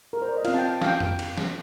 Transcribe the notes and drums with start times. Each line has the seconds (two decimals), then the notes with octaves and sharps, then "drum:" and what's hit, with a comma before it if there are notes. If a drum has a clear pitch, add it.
0.13 A#4
0.22 C5
0.29 D5
0.37 D#5
0.45 C4 F4 F5, drum: cymbal
0.54 A5
0.58 G5
0.82 F5, drum: snare
0.87 G5
1.00 drum: tom F2
1.19 drum: cymbal
1.38 drum: snare